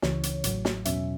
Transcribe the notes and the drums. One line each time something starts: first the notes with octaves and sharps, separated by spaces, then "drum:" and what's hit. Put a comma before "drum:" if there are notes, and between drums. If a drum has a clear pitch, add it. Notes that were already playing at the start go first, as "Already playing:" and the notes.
C#2 C#3 E3 C#5, drum: snare
drum: hi-hat
A1 A2 F#3, drum: hi-hat
drum: snare
E2 B2 F#3 C#4 E5, drum: hi-hat